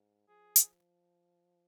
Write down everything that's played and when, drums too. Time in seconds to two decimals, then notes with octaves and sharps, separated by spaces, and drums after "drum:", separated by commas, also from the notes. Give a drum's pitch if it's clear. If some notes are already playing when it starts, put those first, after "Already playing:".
Already playing: G#2
0.28 F3 G#4
0.56 drum: hi-hat